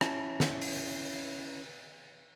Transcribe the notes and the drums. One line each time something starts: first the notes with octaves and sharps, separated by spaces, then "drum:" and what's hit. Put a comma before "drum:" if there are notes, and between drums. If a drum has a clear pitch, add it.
C#4 E4 A5, drum: rim click
drum: snare
drum: open hi-hat